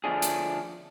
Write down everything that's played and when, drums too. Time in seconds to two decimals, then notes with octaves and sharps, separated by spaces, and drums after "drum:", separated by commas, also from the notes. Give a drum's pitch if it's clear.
0.04 D3 F3 A3 D4 G#4
0.22 drum: hi-hat